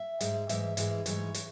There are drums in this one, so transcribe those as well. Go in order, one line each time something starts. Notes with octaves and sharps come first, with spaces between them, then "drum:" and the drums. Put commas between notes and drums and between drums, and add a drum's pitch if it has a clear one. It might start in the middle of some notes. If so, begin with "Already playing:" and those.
Already playing: E5
G#2 G#3, drum: hi-hat
G#2 E3 G#3 E5, drum: hi-hat
G#2 E3 G#3, drum: hi-hat
G#2 E3 G#3 C#5, drum: hi-hat
drum: hi-hat